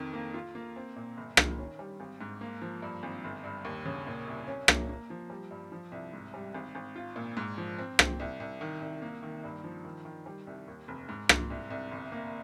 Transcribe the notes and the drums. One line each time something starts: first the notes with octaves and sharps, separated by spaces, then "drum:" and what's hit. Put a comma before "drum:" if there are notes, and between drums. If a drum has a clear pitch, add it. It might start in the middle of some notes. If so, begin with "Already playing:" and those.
Already playing: F2 D#3
A#3
F4
A#3
C4
A#2
G1
D#3, drum: rim click
C#4
G3
G#1
G#2
A#3
F3
G2
G#1
G1
G2
D#2
C#3
A#2
C2
C#4
A#3, drum: rim click
A#3
F3
G3
G2
F3
C2
G#2
G3
G#1
G#1
F4
A#2
G#2
F3
C4
C4, drum: rim click
C2
C2
D#3
C2
A#3
D#3
G2
F3
D#3
D#3
G3
C2
D#2
F1
G#2
G#2, drum: rim click
C2
C2
G1
A#3